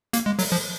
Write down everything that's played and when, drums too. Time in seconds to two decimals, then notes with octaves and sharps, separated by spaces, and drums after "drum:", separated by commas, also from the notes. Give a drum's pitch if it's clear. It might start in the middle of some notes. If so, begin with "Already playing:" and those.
0.13 A#3, drum: hi-hat
0.26 G#3
0.39 F#3, drum: open hi-hat
0.52 F3